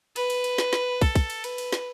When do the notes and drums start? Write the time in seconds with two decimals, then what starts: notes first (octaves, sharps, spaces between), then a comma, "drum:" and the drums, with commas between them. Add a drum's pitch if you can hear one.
0.16 B4, drum: cymbal
0.30 drum: cymbal
0.44 drum: cymbal
0.58 drum: snare
0.73 drum: snare
1.01 A4, drum: kick, cymbal
1.15 drum: kick, cymbal
1.30 drum: cymbal
1.44 B4, drum: cymbal
1.58 drum: cymbal
1.73 drum: snare